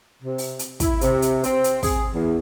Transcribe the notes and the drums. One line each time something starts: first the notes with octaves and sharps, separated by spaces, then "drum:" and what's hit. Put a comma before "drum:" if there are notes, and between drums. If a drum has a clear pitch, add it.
C3
drum: open hi-hat
drum: hi-hat
E4, drum: kick, hi-hat
C3, drum: hi-hat
drum: hi-hat
C4, drum: hi-hat
drum: hi-hat
G#4, drum: kick, open hi-hat
E2